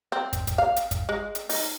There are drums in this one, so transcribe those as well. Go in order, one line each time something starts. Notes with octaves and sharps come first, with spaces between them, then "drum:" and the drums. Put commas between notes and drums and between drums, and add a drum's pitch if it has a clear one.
C4
drum: kick, hi-hat
drum: kick, hi-hat
F5
drum: hi-hat
drum: kick, hi-hat
G#3
drum: hi-hat
D#4, drum: open hi-hat